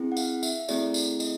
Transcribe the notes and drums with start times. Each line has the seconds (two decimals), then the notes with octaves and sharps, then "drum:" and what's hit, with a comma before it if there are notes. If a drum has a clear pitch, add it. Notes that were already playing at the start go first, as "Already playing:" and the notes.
Already playing: C4 E4 G#4
0.12 F#5
0.17 F5, drum: tambourine
0.43 E5, drum: tambourine
0.68 A3 C4 E4 G#4 D5, drum: tambourine
0.94 drum: tambourine
1.20 D#5, drum: tambourine